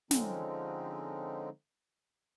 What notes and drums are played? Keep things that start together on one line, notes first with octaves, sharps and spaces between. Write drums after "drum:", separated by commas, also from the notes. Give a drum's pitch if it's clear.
D3 F3 G#3 C4 C#4 D#4, drum: snare